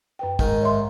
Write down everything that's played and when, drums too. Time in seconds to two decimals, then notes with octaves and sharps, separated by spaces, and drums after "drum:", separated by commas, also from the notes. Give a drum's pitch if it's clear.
0.19 F#2 B4 G5
0.39 G#2 D#3, drum: kick
0.62 C#5 E5 C6